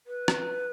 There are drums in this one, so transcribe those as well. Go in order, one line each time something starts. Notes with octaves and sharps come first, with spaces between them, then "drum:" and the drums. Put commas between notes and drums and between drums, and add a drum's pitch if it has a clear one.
B4
drum: rim click